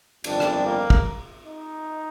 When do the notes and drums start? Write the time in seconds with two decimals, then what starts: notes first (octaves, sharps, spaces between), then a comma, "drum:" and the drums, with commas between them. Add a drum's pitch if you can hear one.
0.24 G1 F2 D#3 G3 D4, drum: cymbal
0.40 drum: rim click
0.65 A#3
0.90 drum: kick
1.47 D#4